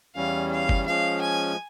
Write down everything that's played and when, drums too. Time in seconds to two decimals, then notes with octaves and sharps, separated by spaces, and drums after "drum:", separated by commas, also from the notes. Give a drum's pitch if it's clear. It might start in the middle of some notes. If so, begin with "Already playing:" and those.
0.16 E2 E3 G3 C#4 F5
0.52 F5
0.69 drum: kick F#1
0.86 F3 G#3 C#4 F5
1.21 G#5